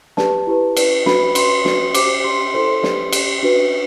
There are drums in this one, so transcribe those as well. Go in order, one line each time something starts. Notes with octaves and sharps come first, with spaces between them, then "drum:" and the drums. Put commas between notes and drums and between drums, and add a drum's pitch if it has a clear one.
G4 B4 D5 A5, drum: snare
E4 G4 B4
E4 B4 D5, drum: cymbal
D4 F#4 B4 D5 B5, drum: snare
F#4 B4 D5 C6, drum: cymbal
F#4 B4 D5, drum: snare
G4 C5 D6, drum: cymbal
G4 D5 C6
E4 A4 C5 C6
G4 B4 D5, drum: snare
G4 D5, drum: cymbal
D4 F#4 B4